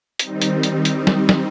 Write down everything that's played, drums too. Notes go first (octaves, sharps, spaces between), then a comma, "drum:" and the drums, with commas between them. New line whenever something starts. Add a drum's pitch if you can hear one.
D#3 G3 C4 D#4, drum: hi-hat
drum: hi-hat
drum: hi-hat
drum: hi-hat
drum: snare
drum: snare